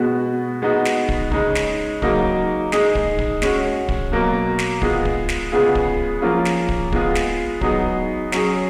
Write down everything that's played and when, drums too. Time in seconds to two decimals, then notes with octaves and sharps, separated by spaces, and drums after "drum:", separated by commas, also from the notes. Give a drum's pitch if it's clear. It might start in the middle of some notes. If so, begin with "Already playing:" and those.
Already playing: B2 G#3 B3 F#4
0.62 G#3 B3 D#4 F#4
0.85 drum: snare
1.09 drum: kick
1.32 C#3 G#3 D#4, drum: kick
1.55 drum: snare
2.02 C#3 F#3 A#3 D#4 F#4, drum: kick
2.72 G#3 D#4 G#4, drum: snare
2.95 drum: kick
3.19 drum: kick
3.42 G#3 C#4 F#4, drum: snare
3.89 drum: kick
4.12 B2 F#3 A#3
4.59 drum: snare
4.82 G#3 B3 F4 G#4, drum: kick
5.05 drum: kick
5.29 drum: snare
5.52 C#3 G#3 B3 F4 G#4
5.75 drum: kick
6.21 F3 A#3 C#4 F4 G#4
6.45 drum: snare
6.69 drum: kick
6.92 G#3 B3 F4 G#4, drum: kick
7.15 drum: snare
7.61 F#3 B3 D#4 G#4, drum: kick
8.32 F#3 C#4 G#4, drum: snare